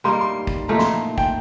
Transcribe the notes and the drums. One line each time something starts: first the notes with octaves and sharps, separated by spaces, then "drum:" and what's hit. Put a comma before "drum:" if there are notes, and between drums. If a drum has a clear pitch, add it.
G3 A#3 D#4 C6
C6
drum: kick
A#2 A3 D#4 A#5
C6, drum: snare
G5, drum: kick